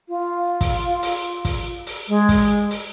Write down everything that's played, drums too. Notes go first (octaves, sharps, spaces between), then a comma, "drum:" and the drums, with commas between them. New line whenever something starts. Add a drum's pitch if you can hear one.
F4
drum: kick, open hi-hat
drum: open hi-hat
drum: kick, open hi-hat
drum: open hi-hat
G#3
drum: kick, open hi-hat
drum: open hi-hat